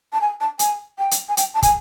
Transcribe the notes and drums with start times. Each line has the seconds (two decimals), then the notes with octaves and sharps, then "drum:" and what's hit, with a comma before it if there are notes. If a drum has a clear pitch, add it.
0.13 A5
0.21 G#5
0.41 A5
0.59 G#5, drum: hi-hat
0.99 G5
1.11 drum: hi-hat
1.29 G#5
1.37 G5, drum: hi-hat
1.54 A5
1.62 G#5, drum: kick, hi-hat